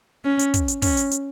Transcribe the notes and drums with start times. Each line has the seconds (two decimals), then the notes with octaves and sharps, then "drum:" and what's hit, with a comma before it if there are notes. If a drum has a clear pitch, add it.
0.25 C#4
0.39 drum: hi-hat
0.54 drum: kick, hi-hat
0.68 drum: hi-hat
0.82 C#4, drum: kick, open hi-hat
0.97 drum: hi-hat
1.11 drum: hi-hat